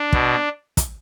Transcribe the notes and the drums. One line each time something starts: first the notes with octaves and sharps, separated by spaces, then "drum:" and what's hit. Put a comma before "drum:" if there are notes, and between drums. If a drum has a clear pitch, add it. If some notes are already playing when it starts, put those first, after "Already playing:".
Already playing: D4
B2, drum: kick
drum: kick, hi-hat